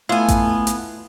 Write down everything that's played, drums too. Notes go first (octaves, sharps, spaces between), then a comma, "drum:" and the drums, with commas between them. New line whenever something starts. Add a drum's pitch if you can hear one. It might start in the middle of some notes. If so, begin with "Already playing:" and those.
A3 B3 E4 F4 F5 G#5
drum: kick A1, hi-hat
drum: hi-hat